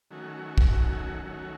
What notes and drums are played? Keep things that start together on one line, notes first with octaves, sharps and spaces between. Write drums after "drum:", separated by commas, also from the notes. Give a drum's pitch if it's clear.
D#3 F#3 A3 C#4 F#4
drum: kick
D#3 F#3 A3 C#4 F#4
D#3 F#3 A3 C#4 F#4